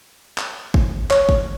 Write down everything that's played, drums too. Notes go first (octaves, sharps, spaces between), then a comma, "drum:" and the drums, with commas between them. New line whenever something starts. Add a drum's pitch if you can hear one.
drum: clap
drum: kick
C#5, drum: clap
drum: kick